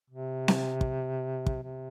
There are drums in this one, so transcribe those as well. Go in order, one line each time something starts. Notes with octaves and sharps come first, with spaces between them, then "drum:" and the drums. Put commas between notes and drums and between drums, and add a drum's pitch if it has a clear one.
C3
drum: snare C4
drum: kick
drum: kick
C3